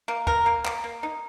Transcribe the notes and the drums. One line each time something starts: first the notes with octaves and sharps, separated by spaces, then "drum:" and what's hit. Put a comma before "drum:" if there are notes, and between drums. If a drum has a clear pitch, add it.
A#3
A#4, drum: kick
A#3
A#3, drum: clap
A#3
D#4